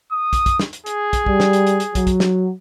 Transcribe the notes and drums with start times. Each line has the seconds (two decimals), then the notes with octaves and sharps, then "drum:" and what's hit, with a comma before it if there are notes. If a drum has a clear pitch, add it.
0.12 D#6
0.33 drum: kick, hi-hat
0.46 drum: kick, hi-hat
0.59 drum: snare
0.73 drum: hi-hat
0.86 G#4, drum: hi-hat
1.13 drum: kick, hi-hat
1.26 G3, drum: kick
1.40 drum: snare
1.53 drum: hi-hat
1.67 drum: hi-hat
1.80 drum: hi-hat
1.95 F#3, drum: kick, hi-hat
2.07 drum: kick, hi-hat
2.20 drum: snare